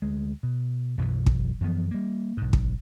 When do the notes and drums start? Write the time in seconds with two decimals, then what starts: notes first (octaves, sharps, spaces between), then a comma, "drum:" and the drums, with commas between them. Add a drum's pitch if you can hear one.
0.02 D2 G#3
0.43 B2
0.98 B1 F#2 B2 E3
1.26 drum: kick
1.61 F#2 E3 F3 B3
1.91 G3 A#3
2.37 B1 G#2
2.53 drum: kick